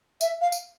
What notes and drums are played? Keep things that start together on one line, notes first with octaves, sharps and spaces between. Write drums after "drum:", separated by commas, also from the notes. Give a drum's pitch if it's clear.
E5, drum: tambourine
F5
drum: tambourine